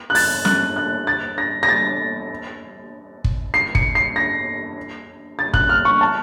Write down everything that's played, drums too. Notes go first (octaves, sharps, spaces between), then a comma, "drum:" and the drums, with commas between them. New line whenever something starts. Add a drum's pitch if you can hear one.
F#6
A6, drum: open hi-hat
F#6, drum: snare
F#6
A6
A#6
A#6
A6
drum: kick
C7
C#7, drum: kick
C7
A#6
A6
F#6, drum: kick
F6
C#6
A5